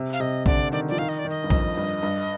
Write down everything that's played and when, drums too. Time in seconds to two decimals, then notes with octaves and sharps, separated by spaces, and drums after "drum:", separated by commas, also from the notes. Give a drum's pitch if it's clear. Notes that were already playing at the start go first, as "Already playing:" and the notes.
Already playing: C3
0.13 F5
0.20 C3 D#5
0.46 D3 D5, drum: kick
0.72 D#3 D5
0.88 F3 D5
0.98 D#3 F5
1.08 D#5
1.19 D5
1.25 D#3 D#5
1.44 G2
1.50 F2, drum: kick
1.77 G2
2.03 G2